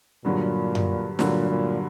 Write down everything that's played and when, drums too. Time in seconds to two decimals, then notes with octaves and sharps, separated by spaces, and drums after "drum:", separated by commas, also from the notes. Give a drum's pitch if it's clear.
0.25 G2 A#2 D3 F#3
0.75 drum: tom F#2
1.19 G2 A#2 D3 F#3, drum: snare
1.50 A#2